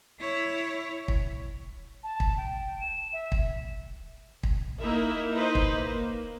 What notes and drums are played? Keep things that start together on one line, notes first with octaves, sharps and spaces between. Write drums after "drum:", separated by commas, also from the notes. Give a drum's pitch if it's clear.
E4 C#5
drum: kick
A5
drum: kick
G5
E7
E5
drum: kick
drum: kick
A#3 D#4 E4 A#4 E5
D#4 B4 C5
drum: kick
A#3